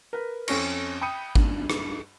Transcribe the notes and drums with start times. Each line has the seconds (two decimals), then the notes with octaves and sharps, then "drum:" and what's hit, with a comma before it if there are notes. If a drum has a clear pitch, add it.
0.13 A#4 B4
0.48 F2 C4 C#4 A4 C#6 A#6, drum: cymbal
1.02 G5 B5 D#6 C#7 D#7
1.36 G2, drum: kick G#1
1.70 drum: rim click